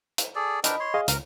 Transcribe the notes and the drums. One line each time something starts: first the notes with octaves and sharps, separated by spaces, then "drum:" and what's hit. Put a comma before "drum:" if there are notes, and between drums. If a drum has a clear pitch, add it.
drum: hi-hat
G#4 A4 D5
D4 A#4 D#5 G5 B5, drum: hi-hat
C#5 C6
G#4 D#5 F5
C#2 A#4, drum: hi-hat